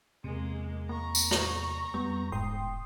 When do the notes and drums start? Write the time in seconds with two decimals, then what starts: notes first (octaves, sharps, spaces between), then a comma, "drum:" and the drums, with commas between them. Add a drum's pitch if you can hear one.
0.24 E2 C3 G#3 A#3
0.89 A#3 A#5 C#6
1.15 drum: tambourine
1.31 drum: rim click
1.94 F2 G3 B3
2.32 E1 G#2 G5 C6 D#6